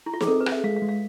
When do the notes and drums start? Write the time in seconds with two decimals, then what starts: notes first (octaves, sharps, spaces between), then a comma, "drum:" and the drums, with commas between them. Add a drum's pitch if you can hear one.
0.06 E4
0.14 F4
0.21 G#4, drum: snare
0.27 C4 A4
0.41 B4
0.46 G#4, drum: rim click
0.51 E5
0.64 G#3 F5
0.76 F5
0.82 G#3
0.89 F5